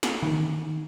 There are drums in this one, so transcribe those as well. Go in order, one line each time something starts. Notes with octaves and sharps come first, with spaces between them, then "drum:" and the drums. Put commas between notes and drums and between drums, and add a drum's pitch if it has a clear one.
drum: snare
D#3